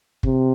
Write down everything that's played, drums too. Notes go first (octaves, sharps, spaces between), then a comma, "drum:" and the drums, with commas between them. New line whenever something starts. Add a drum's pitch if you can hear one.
C3, drum: kick